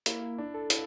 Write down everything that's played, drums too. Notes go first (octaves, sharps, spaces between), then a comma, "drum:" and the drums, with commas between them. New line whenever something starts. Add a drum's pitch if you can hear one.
A#3 E4, drum: hi-hat
D4
A4
E4, drum: hi-hat